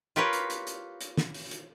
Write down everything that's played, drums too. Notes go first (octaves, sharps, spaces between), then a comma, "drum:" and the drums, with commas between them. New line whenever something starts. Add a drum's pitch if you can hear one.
F4 G4 A#4 B4 C#5
drum: hi-hat
drum: hi-hat
drum: hi-hat
drum: hi-hat
drum: snare
drum: open hi-hat
drum: hi-hat